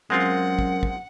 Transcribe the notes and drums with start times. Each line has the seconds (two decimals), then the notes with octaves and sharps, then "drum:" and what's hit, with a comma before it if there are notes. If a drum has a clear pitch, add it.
0.10 F#2 G#3 C4 F4 A#4 F#5
0.59 drum: kick
0.83 drum: kick